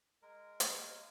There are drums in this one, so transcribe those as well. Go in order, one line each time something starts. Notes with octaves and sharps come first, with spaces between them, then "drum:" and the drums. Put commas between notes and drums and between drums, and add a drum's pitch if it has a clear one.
G#3 A#4
drum: hi-hat